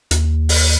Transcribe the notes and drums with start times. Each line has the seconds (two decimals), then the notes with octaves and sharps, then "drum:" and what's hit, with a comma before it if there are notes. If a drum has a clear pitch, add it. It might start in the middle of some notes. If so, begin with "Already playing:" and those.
0.11 D#2, drum: hi-hat
0.49 drum: open hi-hat